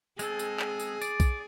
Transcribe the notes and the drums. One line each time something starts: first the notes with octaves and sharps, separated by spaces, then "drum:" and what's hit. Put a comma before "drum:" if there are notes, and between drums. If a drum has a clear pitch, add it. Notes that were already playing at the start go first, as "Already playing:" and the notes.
G#3 C4 G#4 A4, drum: tambourine
drum: tambourine
drum: clap
drum: tambourine
D5, drum: tambourine
drum: kick B1, tambourine